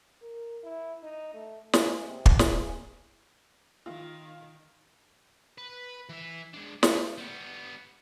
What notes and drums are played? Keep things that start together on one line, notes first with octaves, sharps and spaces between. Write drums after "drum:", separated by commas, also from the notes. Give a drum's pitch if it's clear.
A#4
E4
D#4
A3
G#3, drum: snare
C3
drum: kick
G#4, drum: snare
D#3 F4
B4
E3 E5
G#3 D4
A3, drum: snare
G3 B3